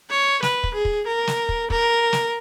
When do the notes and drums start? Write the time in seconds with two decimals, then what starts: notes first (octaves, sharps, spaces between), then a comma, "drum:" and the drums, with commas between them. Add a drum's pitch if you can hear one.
0.10 C#5
0.42 B4, drum: snare
0.64 drum: kick
0.74 G#4
0.85 drum: kick
1.07 A#4
1.27 drum: snare
1.49 drum: kick
1.70 A#4, drum: kick
2.13 drum: snare